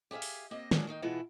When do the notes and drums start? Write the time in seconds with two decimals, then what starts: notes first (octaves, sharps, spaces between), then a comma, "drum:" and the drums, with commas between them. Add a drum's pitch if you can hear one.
0.11 G4 G#4 C5 E5 F5
0.22 drum: open hi-hat
0.51 A#3 C4 G4 D#5 E5
0.71 F#3 G#3 A#3 D4 F4 G#4, drum: snare
0.87 D#3 A#3 D#4 G5
1.02 B2 E3 G#3 B3 E4 F4